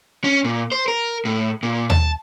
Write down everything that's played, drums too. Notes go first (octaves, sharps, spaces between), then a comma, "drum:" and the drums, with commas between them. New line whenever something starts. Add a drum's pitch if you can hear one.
C#4
A#2
C5
A#4
A2
A#2
A5, drum: tom D#2